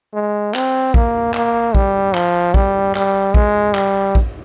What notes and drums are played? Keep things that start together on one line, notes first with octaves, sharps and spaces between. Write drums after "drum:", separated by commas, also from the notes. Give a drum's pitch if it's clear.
G#3
C4, drum: clap
A#3, drum: kick A#1
A#3, drum: clap
G3, drum: kick A#1
F3, drum: clap
G3, drum: kick A#1
G3, drum: clap
G#3, drum: kick A#1
G3, drum: clap
drum: kick A#1